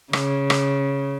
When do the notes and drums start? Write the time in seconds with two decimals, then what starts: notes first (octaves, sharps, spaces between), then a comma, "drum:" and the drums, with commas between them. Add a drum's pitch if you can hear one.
0.13 C#3, drum: rim click
0.50 drum: rim click